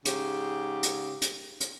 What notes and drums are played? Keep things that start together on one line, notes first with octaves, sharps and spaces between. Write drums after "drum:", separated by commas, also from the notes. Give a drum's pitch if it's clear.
G#2 C#3 G4, drum: hi-hat
drum: hi-hat
drum: hi-hat
drum: hi-hat